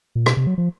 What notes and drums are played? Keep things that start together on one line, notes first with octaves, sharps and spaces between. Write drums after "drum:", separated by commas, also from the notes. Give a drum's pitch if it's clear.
A#2
B2, drum: rim click
C3
F#3
F3